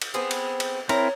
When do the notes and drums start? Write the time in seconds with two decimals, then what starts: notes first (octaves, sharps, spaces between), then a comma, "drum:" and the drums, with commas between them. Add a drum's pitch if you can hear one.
0.02 drum: cymbal
0.14 B3 C4 G#4
0.31 drum: cymbal
0.60 drum: cymbal
0.89 C4 E4 A#4 C#5 A#5, drum: cymbal